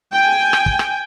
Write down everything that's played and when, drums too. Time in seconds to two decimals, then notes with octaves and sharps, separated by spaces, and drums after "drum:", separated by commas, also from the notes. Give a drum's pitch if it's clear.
0.14 G5 G#5
0.53 drum: rim click
0.66 drum: kick
0.79 drum: rim click